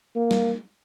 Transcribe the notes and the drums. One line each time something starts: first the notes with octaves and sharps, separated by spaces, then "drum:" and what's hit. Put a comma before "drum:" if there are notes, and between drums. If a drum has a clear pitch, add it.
A#3
drum: snare G3